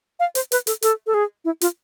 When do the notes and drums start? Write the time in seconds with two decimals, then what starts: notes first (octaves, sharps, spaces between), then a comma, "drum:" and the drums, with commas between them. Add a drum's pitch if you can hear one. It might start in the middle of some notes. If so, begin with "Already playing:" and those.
0.20 F5
0.35 C5, drum: hi-hat
0.52 B4, drum: hi-hat
0.67 A4, drum: hi-hat
0.82 A4, drum: hi-hat
1.07 A4
1.14 G#4
1.45 E4
1.61 F4, drum: hi-hat